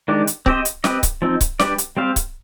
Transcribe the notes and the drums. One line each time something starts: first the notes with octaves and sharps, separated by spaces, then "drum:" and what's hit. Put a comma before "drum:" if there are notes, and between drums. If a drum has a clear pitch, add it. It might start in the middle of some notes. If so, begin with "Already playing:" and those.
D#3 G#3 D4 G4
drum: hi-hat
C4 G4 C5 D#5, drum: kick C#1
drum: hi-hat
C4 G4 B4 D#5, drum: snare
drum: kick C#1, hi-hat
F3 C4 D#4
drum: kick C#1, hi-hat
G3 D4 G4 B4 D5, drum: snare
drum: hi-hat
G3 C4 G4 C5 F5
drum: kick C#1, hi-hat